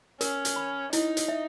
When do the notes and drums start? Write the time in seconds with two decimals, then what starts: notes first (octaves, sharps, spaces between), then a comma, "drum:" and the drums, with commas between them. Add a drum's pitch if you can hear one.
0.21 C#4 A#4, drum: hi-hat
0.45 drum: hi-hat
0.56 B5
0.93 D#4 E4, drum: hi-hat
1.17 drum: hi-hat
1.28 E5